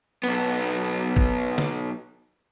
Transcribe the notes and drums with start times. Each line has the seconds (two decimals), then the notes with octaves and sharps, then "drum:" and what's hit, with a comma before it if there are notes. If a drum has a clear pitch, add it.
0.23 B1 B3, drum: hi-hat
1.16 drum: kick
1.58 drum: snare